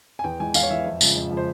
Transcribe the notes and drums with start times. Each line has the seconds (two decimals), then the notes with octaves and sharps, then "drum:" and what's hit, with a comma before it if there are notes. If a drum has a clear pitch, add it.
0.19 G#5
0.24 E2 G5
0.40 E3 G#3 G#5
0.54 E2 F5, drum: tambourine
0.63 C#5
0.70 E3 G#3 E5
0.86 F2
1.01 C#3 F3 G#3, drum: tambourine
1.16 F2
1.31 C#3 F3 G#3
1.37 C5